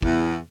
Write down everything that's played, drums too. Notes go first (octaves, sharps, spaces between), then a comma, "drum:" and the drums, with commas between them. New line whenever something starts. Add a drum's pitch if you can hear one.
E2, drum: kick